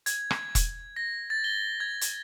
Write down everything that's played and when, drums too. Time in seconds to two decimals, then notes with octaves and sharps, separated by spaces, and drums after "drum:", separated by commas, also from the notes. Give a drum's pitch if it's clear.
0.06 G#6, drum: hi-hat
0.31 drum: rim click
0.55 drum: kick E1, hi-hat
0.96 A#6
1.30 A6
1.44 G7
1.80 G#6
2.01 drum: hi-hat